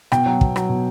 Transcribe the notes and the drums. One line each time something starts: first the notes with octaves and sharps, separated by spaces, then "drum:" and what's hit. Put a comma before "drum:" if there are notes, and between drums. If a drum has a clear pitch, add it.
B2 G5, drum: rim click
F#3
B2, drum: kick
F#3, drum: rim click
B2